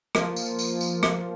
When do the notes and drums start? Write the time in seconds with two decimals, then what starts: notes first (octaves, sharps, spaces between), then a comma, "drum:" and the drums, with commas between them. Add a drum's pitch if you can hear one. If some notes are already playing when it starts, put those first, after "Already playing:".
0.15 F3 A#3 F4, drum: rim click
0.36 drum: tambourine
0.59 drum: tambourine
0.81 drum: tambourine
1.03 drum: rim click